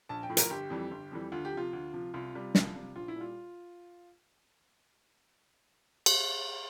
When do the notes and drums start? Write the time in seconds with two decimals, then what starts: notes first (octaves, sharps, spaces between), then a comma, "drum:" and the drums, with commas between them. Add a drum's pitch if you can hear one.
0.09 A#1 A5
0.23 G5
0.29 A2 F3
0.37 A#4, drum: hi-hat
0.50 G1 G4
0.70 F2 E3 G3
0.91 G1
1.12 F2 E3 G3
1.32 D2 F4
1.45 G4
1.53 C3 F3 F4
1.73 D2
1.93 C3 F3
2.14 C2 F4
2.34 C3 G3
2.55 C2, drum: snare
2.75 C3 G3
2.96 A#1 F4
3.08 E4
3.16 A#2 G3 F4
6.06 drum: cymbal